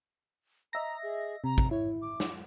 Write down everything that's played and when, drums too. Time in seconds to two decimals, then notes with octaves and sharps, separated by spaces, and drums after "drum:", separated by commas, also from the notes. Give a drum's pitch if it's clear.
0.73 D#5 E5 A#5 A#6
1.03 G#4
1.44 C3 A#5
1.58 drum: kick
1.71 E4 C#5
2.02 D6
2.20 drum: snare